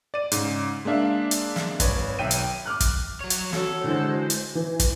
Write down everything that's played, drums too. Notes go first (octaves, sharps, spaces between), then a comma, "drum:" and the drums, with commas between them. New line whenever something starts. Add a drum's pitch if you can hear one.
D5 D#7
G#2 C#3, drum: hi-hat
G#3 A#3 D4 E5 F5
drum: hi-hat
drum: snare
G#1 B4 C#5, drum: kick, hi-hat
B1 E5 G5 D#7
drum: hi-hat
D6 F6 F#6
drum: kick, hi-hat
F#3 C#5
drum: hi-hat
F#4 A4 C#5, drum: snare
D3 E3 G#3 C5
drum: hi-hat
E3
drum: kick, hi-hat